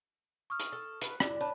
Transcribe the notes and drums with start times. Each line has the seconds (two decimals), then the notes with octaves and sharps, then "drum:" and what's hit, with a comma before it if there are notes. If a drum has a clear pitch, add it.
0.50 C#6 D#6 F6
0.60 drum: hi-hat
0.72 A4
1.02 B4, drum: hi-hat
1.20 D4 E4 D5, drum: rim click
1.41 D4 C#5 A5 B5